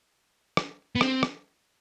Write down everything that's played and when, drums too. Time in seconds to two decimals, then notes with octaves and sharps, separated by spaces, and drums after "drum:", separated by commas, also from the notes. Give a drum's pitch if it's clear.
0.57 drum: rim click
0.96 B3
1.01 C4, drum: rim click
1.23 drum: rim click